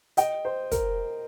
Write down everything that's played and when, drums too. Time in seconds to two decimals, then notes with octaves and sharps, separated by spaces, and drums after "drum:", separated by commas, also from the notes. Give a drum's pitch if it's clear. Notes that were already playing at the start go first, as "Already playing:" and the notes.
0.17 D#5 G5, drum: hi-hat
0.45 C5
0.71 A#4, drum: kick, hi-hat